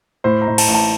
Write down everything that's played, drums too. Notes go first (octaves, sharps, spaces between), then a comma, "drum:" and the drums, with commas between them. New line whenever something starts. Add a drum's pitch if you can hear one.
A2 C5
A#5
A2
A5, drum: cymbal
A1
A5